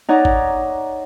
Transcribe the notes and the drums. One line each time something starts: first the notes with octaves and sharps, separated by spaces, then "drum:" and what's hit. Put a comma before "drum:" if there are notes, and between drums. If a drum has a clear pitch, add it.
D#4 C#5 D5 F#5 A#5 D6
drum: kick G#1